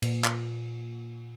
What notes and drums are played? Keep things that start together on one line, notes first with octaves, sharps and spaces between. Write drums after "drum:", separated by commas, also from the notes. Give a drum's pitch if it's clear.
A#2, drum: cymbal
drum: clap